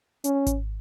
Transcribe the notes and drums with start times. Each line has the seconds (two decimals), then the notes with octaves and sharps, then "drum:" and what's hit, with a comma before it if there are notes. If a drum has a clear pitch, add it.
0.24 C#4, drum: hi-hat
0.47 drum: kick G#1, hi-hat